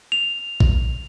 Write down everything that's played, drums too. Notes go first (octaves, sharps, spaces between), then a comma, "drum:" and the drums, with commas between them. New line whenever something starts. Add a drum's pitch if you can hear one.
F7
drum: kick